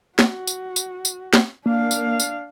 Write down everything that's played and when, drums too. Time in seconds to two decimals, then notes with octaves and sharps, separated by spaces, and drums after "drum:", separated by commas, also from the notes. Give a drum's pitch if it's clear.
0.19 F#4, drum: snare
0.47 drum: tambourine
0.76 drum: tambourine
1.05 drum: tambourine
1.33 drum: snare
1.66 A#3 D4 F5
1.91 drum: tambourine
2.20 drum: tambourine